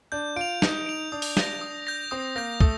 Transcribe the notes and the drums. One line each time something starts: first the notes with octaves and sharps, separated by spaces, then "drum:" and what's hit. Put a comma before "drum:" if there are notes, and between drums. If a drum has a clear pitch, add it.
D4 G6
F4 D7 F7
D#4 G6, drum: snare
D7 F7
D4 D#6
drum: open hi-hat
G6 A#6, drum: snare
D#6
G6 A#6
C4 D#6
A#3 G6 A#6
A3 D#6, drum: kick